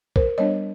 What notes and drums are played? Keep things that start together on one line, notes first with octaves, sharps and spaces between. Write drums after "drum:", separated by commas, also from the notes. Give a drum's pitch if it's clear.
A#4 C5, drum: kick
G3 B3 D4 C#5 D#5